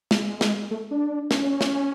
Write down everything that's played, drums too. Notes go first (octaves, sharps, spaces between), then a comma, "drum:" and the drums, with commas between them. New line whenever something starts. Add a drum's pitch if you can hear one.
G#3, drum: snare
drum: snare
A3
D4
C#4, drum: snare
drum: snare